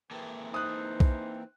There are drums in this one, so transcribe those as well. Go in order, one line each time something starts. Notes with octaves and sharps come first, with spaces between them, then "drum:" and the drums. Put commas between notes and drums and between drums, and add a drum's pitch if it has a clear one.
E3 A#3 C4 G#4 A4
D#4 C5 D#6 F#6
drum: kick B1